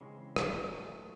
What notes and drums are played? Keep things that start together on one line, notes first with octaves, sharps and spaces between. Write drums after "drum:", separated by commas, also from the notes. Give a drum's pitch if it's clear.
C#3 E3 G#3 C4
drum: rim click
A#2 F#3 A3